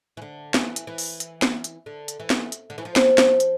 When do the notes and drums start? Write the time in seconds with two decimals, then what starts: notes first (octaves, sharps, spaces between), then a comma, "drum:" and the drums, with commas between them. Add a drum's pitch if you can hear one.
0.17 E3
0.22 D3
0.54 E3, drum: snare
0.76 drum: hi-hat
0.87 E3
0.98 drum: open hi-hat
1.20 drum: hi-hat
1.42 drum: snare
1.64 drum: hi-hat
1.86 D3
2.08 drum: hi-hat
2.20 E3
2.30 drum: snare
2.52 drum: hi-hat
2.70 D3
2.78 E3
2.85 F3
2.96 drum: snare
3.18 drum: snare
3.40 drum: hi-hat